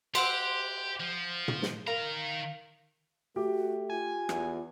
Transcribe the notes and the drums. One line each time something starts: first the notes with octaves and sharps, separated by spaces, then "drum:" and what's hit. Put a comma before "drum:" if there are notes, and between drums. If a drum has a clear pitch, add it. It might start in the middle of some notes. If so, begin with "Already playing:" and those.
G4 C5 F#5 E6, drum: cymbal
F3
drum: tom
drum: snare
D#3 A#4 F5 A#5
A3 F#4 G4
F4 G#5
E2, drum: rim click